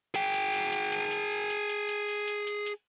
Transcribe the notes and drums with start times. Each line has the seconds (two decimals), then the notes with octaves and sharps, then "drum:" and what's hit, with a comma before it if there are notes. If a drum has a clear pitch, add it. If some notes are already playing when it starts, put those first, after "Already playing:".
0.14 G#4 G5, drum: hi-hat
0.34 drum: hi-hat
0.53 drum: open hi-hat
0.73 drum: hi-hat
0.92 drum: hi-hat
1.11 drum: hi-hat
1.31 drum: open hi-hat
1.50 drum: hi-hat
1.69 drum: hi-hat
1.89 drum: hi-hat
2.08 drum: open hi-hat
2.28 drum: hi-hat
2.47 drum: hi-hat
2.66 drum: hi-hat